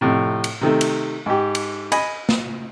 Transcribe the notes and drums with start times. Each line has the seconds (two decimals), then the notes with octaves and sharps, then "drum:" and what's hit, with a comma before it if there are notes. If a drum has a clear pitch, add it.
0.01 F2 A2 C3
0.44 drum: cymbal
0.61 C3 D#3 A3
0.81 drum: cymbal
1.26 G#2 G4
1.55 drum: cymbal
1.92 D#5 G#5 B5, drum: cymbal
2.29 drum: snare